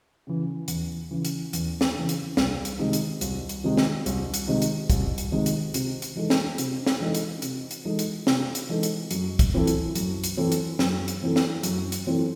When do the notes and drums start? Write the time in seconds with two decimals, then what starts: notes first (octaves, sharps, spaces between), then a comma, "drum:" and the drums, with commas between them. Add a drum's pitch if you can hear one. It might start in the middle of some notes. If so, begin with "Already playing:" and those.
0.27 C#3 E3
0.68 E2, drum: hi-hat
1.11 C#3 E3
1.25 drum: hi-hat
1.53 E2, drum: hi-hat
1.81 drum: snare
1.95 C#3 E3
2.09 drum: hi-hat
2.37 C2, drum: snare
2.65 drum: hi-hat
2.79 C3 D#3 G#3 D#4
2.93 drum: hi-hat
3.21 C2, drum: hi-hat
3.49 drum: hi-hat
3.64 C3 D#3 G#3 D#4
3.77 drum: snare
4.06 C2, drum: hi-hat
4.34 drum: hi-hat
4.47 C3 D#3 G#3 D#4
4.62 drum: hi-hat
4.90 C2, drum: kick, hi-hat
5.18 drum: hi-hat
5.32 C3 D#3 G#3 D#4
5.46 drum: hi-hat
5.74 C3, drum: hi-hat
6.02 drum: hi-hat
6.16 E3 G#3 D#4 A4
6.30 drum: snare
6.58 C3, drum: hi-hat
6.86 drum: snare
7.00 E3 G#3 D#4 A4
7.15 drum: hi-hat
7.42 C3, drum: hi-hat
7.71 drum: hi-hat
7.85 E3 G#3 D#4 A4
7.99 drum: hi-hat
8.27 C3, drum: snare
8.55 drum: hi-hat
8.69 E3 G#3 D#4 A4
8.83 drum: hi-hat
9.11 F#2, drum: hi-hat
9.39 drum: kick, hi-hat
9.54 E3 C4 E4 A4
9.67 drum: hi-hat
9.95 F#2, drum: hi-hat
10.24 drum: hi-hat
10.37 E3 C4 E4 A4
10.52 drum: hi-hat
10.79 F#2, drum: snare
11.08 drum: hi-hat
11.23 E3 C4 E4 A4
11.36 drum: snare
11.63 F#2, drum: hi-hat
11.92 drum: hi-hat
12.07 E3 C4 E4 A4